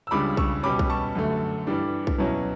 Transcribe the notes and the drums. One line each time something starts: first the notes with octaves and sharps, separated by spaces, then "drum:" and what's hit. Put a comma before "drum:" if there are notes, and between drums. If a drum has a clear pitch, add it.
E6
C#2 C#3 G3 D4 B5 D6
C#6 E6, drum: kick B1
B2 G3 C#4 B5 D6
drum: kick B1
A5 C#6
F#2 D3 A3
G2 E3 G3 D4
drum: kick B1
B2 F#3 C#4 E4